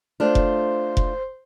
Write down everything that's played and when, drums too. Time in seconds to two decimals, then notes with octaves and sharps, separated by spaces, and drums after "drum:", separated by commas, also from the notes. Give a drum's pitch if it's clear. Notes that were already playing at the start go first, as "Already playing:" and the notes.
0.20 A3 D4 F4 C5
0.35 drum: kick F1
0.97 drum: kick F1